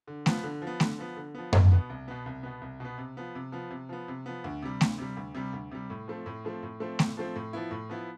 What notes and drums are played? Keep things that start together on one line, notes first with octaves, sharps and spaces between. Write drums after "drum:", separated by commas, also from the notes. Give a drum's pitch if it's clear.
D3
F3 B3, drum: snare A3
D3
F3
B3
D3, drum: snare A3
F3 B3
D3
F3 B3
C2, drum: tom F#2
B2 B3
C2
B2 B3
C2
B2 B3
C2
B2 B3
C3
F3 B3
C3
F3 B3
C3
F3 B3
C3
F3 B3
D2
C3 G3
D2, drum: snare A3
C3 G3
D2
C3 G3
D2
C3 G3
A2
F3 A3 C4
A2
F3 A3 C4
A2
F3 A3 C4
A2, drum: snare A3
F3 A3 C4
A2
F3 B3 E4
A2
F3 B3 E4